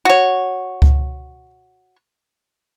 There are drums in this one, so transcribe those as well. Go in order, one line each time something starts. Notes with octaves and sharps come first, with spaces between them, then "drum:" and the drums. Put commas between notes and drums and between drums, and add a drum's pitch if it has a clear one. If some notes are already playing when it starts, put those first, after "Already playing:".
F#4 C#5
drum: kick C#2